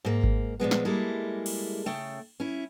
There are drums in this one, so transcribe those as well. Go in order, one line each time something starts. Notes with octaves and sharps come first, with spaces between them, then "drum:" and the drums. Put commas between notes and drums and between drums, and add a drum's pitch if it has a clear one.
G#2 A#3
drum: kick G#1
A#2 F3 G#3 B3
drum: snare
G3 G#3 A#3 E4 G#4 A4
drum: cymbal
C#3 A3 G5
C#4 E4